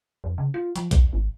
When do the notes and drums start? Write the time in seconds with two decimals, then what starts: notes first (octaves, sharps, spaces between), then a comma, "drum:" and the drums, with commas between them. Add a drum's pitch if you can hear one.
0.24 F2
0.38 C#3
0.54 F4
0.76 F3, drum: hi-hat
0.91 D#2, drum: kick A#1, hi-hat
1.13 G#1